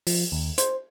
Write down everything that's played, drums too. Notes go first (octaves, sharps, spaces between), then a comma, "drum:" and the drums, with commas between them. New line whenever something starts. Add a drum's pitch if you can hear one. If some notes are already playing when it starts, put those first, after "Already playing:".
F3, drum: open hi-hat
D#2
C5, drum: hi-hat